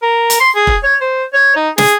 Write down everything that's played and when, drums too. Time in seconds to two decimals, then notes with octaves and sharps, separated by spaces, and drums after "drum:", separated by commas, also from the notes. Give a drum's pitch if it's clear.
0.02 A#4
0.30 drum: hi-hat
0.40 C6
0.56 G#4
0.67 drum: kick
0.83 C#5
1.01 C5
1.34 C#5
1.56 D#4
1.78 G#4, drum: snare